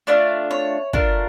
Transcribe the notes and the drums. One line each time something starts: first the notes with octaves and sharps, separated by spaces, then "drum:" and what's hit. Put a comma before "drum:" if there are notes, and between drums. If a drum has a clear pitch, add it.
A3 D4 F4 D5
C#5
A3 D4 F4 A#4, drum: kick